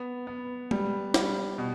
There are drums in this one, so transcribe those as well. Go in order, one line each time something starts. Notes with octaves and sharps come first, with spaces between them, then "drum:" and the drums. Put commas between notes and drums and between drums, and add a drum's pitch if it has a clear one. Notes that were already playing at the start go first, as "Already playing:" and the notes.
Already playing: B3
B3
G3, drum: tom G#3
G3, drum: snare
B2